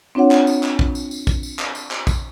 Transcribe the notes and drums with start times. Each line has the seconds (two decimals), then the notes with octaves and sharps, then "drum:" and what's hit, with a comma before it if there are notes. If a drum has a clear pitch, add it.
0.15 C4 D4 F4 C#5 F#5
0.31 drum: clap
0.47 drum: tambourine
0.63 drum: clap
0.79 drum: kick A#1
0.95 drum: tambourine
1.11 drum: tambourine
1.27 drum: kick A#1, tambourine
1.43 drum: tambourine
1.59 drum: clap
1.75 drum: tambourine
1.91 drum: clap
2.07 drum: kick A#1, tambourine